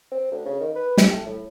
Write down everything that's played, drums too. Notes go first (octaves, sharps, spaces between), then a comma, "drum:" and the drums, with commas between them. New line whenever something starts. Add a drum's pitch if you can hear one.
C4
D2
C#3
D#3
B4
G4, drum: snare
A3
A2